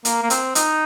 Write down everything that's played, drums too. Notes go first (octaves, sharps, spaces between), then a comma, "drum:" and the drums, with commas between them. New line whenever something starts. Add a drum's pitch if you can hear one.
A#3, drum: hi-hat
A#3
C4, drum: hi-hat
D#4, drum: hi-hat